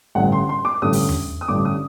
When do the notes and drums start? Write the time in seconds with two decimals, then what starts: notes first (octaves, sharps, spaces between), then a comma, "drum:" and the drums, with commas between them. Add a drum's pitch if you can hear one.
0.15 A1 G2 D3 F#5
0.32 C6
0.49 C6
0.65 D6
0.82 A1 G2 D3 D#6
0.93 drum: open hi-hat
1.09 drum: tom E2
1.41 D#6
1.48 A1 G2 D3 D6
1.65 D#6